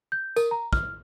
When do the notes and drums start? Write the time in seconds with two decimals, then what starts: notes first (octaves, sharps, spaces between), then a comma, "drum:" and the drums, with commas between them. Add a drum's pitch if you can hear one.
0.12 G6
0.36 A#4, drum: tambourine
0.51 A#5
0.73 F6, drum: kick